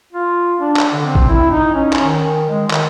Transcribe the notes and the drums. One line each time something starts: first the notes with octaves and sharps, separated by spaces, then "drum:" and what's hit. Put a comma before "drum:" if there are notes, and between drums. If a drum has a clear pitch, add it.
F4
D4
drum: clap
D3
C4
drum: kick A1
E4
D#4
C#4
drum: clap
D#3
G#3
D#3, drum: clap